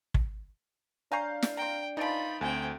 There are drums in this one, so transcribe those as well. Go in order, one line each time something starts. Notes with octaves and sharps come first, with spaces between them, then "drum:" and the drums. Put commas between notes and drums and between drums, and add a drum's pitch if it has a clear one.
drum: kick
D4 C#5 F5 G#5 A#5 G6 C7
drum: snare
C4 G5 A#5
E3 F3 D#4 F4 B5 A6 D7
D2 A3 C4 G5 G#5